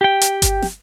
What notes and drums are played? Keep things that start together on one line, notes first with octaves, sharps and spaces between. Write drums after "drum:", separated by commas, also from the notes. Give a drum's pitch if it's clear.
G4 G5
drum: hi-hat
drum: kick G1, hi-hat
drum: snare